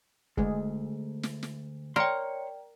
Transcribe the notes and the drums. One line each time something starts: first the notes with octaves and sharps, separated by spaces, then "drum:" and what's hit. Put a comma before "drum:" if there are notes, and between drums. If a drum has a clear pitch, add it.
D2 G#3 G#4, drum: kick
drum: snare
drum: snare
A#4 C#5 D5 G5 C6